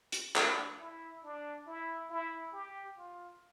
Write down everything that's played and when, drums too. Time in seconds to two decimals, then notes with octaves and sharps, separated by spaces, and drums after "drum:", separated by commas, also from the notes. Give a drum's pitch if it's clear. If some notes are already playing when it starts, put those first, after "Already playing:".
0.12 drum: hi-hat
0.36 D4, drum: clap
0.80 E4
1.24 D4
1.67 E4
2.10 E4
2.53 G4
2.97 F4